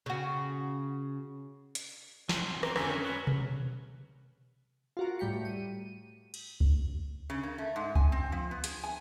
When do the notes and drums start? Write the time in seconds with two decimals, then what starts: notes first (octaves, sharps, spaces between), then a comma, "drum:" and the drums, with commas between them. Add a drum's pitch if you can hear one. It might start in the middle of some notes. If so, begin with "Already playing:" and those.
0.06 C#3 F#4
1.75 drum: hi-hat
2.29 F#3 C4, drum: snare
2.63 C4 A#5, drum: rim click
2.76 F2 D3 D#3 A3 G#5 B6, drum: rim click
2.90 C#4 A#4
3.04 F#3 B4
3.27 drum: tom B2
4.97 F4 F#4 A#4
5.19 A2 G3 G5 B6 C#7
5.45 D#7
6.34 drum: cymbal
6.60 drum: kick C#2
7.30 C#3
7.43 A#3
7.58 A3
7.76 G#2
7.95 G#5, drum: kick C#2
8.12 C4
8.32 F3
8.51 B3
8.64 G#4, drum: hi-hat
8.83 G#5